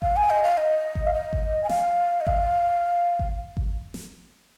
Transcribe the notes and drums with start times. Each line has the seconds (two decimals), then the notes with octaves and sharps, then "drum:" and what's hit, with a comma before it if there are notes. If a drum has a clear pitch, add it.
0.02 F5, drum: kick G#1
0.16 G#5
0.30 D#5
0.43 F5
0.57 D#5
0.95 drum: kick G#1
1.06 F5
1.14 D#5
1.33 drum: kick G#1
1.64 G#5
1.69 F5, drum: snare
2.21 D#5
2.27 F5, drum: kick G#1
3.19 drum: kick G#1
3.57 drum: kick G#1
3.94 drum: snare